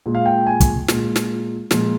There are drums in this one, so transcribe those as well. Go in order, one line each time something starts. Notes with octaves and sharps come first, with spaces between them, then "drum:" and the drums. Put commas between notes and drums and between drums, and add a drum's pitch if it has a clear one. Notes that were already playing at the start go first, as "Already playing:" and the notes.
A#2 G#3
F5
G5
G#5
drum: kick, hi-hat
A#2 G#3, drum: snare
drum: snare
A#2 F3 G#3, drum: snare